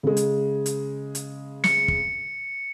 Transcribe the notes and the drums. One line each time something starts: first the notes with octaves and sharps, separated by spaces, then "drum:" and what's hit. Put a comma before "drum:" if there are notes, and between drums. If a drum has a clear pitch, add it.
C#3 G#3
drum: hi-hat
drum: hi-hat
drum: hi-hat
C#7, drum: snare
drum: kick